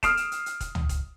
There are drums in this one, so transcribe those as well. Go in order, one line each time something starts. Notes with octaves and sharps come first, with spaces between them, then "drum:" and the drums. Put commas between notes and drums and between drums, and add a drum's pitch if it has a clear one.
D#6 F6 C7 D7 E7, drum: kick E1, hi-hat
drum: hi-hat
drum: hi-hat
drum: hi-hat
drum: kick E1, hi-hat
drum: tom
drum: kick E1, hi-hat